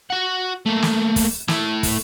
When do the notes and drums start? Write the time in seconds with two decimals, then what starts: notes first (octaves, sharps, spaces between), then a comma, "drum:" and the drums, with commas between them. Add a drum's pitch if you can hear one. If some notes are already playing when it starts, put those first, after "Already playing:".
0.10 F#4 F#5
0.66 A3 A#3
0.82 drum: snare
1.16 drum: kick, open hi-hat
1.48 A3 E4, drum: snare
1.83 drum: kick, open hi-hat